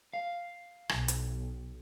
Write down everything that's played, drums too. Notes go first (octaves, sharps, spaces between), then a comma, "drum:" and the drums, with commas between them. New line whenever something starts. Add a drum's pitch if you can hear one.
F5
B1, drum: rim click
drum: hi-hat